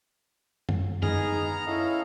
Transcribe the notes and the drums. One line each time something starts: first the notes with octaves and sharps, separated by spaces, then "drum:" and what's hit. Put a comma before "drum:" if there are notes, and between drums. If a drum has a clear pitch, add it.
drum: tom F#2
B3 D#4 G#4 A#5 F6, drum: tom F#2
C#4 E4 A4 D#5 F5